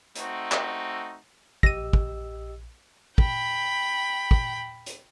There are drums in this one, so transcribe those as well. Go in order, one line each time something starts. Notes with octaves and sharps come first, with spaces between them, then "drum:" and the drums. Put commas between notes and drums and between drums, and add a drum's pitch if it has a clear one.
A3 C4 D#4 F#4, drum: hi-hat
drum: clap
A#1 G4 D#5 E6 A#6 D#7, drum: kick
drum: kick
G5 B5, drum: kick
drum: kick
drum: hi-hat